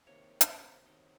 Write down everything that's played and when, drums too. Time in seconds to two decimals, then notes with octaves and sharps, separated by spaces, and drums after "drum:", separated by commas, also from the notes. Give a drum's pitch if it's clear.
0.06 C3 D#3 A#3 C#5
0.41 drum: hi-hat
0.85 C3 D#3 F#3 D#5